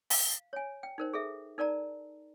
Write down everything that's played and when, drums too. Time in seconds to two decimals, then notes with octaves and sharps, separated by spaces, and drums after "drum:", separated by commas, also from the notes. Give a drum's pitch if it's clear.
0.10 F5, drum: open hi-hat
0.53 C#5 G#5
0.83 G5
0.98 D#4 A#4 C5
1.13 G#4 A4 E5
1.58 D#4 A#4 D5 A5 A#5